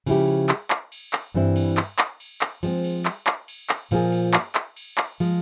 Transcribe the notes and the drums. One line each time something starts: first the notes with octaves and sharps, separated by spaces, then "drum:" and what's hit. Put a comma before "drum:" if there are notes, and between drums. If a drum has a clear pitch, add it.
C#3 F3 G#3 E4 G4, drum: cymbal
drum: cymbal
drum: clap
drum: clap
drum: cymbal
drum: clap
G2 E3 G3 C4 E4
drum: cymbal
drum: clap
drum: clap
drum: cymbal
drum: clap
F3 G#3 C4, drum: cymbal
drum: cymbal
drum: clap
drum: clap
drum: cymbal
drum: clap
A#2 F3 A#3 F4 G#4, drum: cymbal
drum: cymbal
drum: clap
drum: clap
drum: cymbal
drum: clap
F3 G#3, drum: cymbal